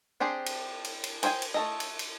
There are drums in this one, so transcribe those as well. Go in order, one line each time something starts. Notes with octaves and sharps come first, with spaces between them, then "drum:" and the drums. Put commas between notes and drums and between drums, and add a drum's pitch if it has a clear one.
C4 D4 G4 G#4 C5
drum: cymbal
drum: cymbal
drum: cymbal
G#4 C5 C#5 G5 G#5, drum: cymbal
drum: cymbal
A3 A4 D#5
drum: cymbal
drum: cymbal